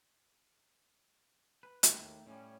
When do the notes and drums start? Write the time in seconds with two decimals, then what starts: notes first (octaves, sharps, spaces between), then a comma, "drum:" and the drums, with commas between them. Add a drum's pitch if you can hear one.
1.63 B4
1.83 G#2 D#3 A3 C#5, drum: hi-hat
1.97 D#2
2.27 A2 G3 C#4